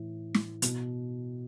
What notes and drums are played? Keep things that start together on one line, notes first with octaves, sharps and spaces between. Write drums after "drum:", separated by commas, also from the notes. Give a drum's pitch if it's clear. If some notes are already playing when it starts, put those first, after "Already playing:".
Already playing: A2 E3
drum: snare
B2, drum: hi-hat